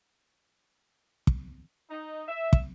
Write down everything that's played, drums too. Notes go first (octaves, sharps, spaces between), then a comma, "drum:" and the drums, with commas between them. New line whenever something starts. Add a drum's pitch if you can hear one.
drum: kick
D#4
E5
drum: kick